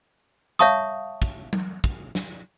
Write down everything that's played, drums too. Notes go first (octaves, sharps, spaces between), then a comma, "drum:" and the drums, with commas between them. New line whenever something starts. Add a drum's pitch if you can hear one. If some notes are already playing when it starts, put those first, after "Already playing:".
C#5 E5 F5 A5 C#6 D#6, drum: hi-hat
drum: kick, hi-hat
drum: tom F#3
drum: kick, hi-hat
drum: snare